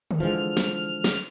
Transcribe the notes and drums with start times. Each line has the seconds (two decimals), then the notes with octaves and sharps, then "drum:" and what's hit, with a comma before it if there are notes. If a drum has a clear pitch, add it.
0.11 drum: tom D3
0.20 D3 E3 F3 G#3 F6
0.57 drum: snare
1.04 drum: snare